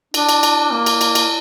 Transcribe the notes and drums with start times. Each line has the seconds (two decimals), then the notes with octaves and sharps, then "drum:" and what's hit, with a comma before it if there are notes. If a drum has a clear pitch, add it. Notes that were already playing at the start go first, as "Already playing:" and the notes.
0.14 D4, drum: cymbal
0.29 drum: cymbal
0.43 drum: cymbal
0.72 A#3
0.86 drum: cymbal
1.01 drum: cymbal
1.15 drum: cymbal